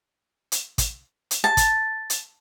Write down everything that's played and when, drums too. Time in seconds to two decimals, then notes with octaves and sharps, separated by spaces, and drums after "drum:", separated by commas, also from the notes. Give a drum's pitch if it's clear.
0.52 drum: hi-hat
0.78 drum: kick, hi-hat
1.31 drum: hi-hat
1.44 A5
1.57 drum: kick, hi-hat
2.10 drum: hi-hat